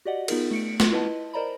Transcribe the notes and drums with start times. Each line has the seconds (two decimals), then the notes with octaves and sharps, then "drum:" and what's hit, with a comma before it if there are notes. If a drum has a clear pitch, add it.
0.05 F#4 G4 D5 D#5 F#5
0.28 B3 D#4 F4 G#4 A#4, drum: cymbal
0.51 A3 C#7 D7
0.80 F4 C6, drum: snare
0.92 E4 B4 D#5 A5
1.33 A#4 C5 D5 D#5 A#5 B5